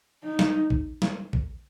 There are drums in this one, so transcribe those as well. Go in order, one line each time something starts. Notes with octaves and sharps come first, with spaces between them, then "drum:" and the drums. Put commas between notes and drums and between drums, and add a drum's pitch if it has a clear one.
D#4
drum: snare
drum: kick A#1
drum: snare
drum: kick A#1